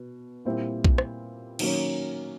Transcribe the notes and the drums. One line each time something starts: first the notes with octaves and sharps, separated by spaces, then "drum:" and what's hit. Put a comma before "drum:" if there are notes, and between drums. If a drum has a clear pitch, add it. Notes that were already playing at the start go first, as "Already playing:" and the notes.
Already playing: B2 B3
A#2 G3 C4 E4
drum: kick B1
drum: rim click
D#3 F#3 A#3 C#4, drum: cymbal